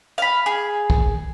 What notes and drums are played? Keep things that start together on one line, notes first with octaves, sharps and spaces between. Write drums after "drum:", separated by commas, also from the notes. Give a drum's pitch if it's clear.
F5 B5
G#4
drum: kick